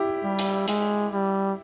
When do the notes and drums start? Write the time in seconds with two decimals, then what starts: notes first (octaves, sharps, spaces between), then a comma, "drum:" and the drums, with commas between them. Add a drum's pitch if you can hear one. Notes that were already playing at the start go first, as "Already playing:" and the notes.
Already playing: E4 G4
0.24 G3
0.39 drum: hi-hat
0.68 G#3, drum: hi-hat
1.13 G3